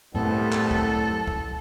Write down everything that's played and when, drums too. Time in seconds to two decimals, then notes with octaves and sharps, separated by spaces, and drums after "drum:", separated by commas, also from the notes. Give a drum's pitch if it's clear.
0.14 C2 F#2 A2 G3 B3 C4 A4
0.52 drum: clap
0.71 drum: kick
1.27 drum: kick